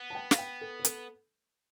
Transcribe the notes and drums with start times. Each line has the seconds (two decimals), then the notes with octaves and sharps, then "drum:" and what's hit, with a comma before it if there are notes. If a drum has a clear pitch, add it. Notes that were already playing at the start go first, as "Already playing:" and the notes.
Already playing: B3
0.10 A5
0.15 G5
0.31 F5, drum: snare
0.38 G5
0.61 A4
0.80 B4
0.85 A4, drum: hi-hat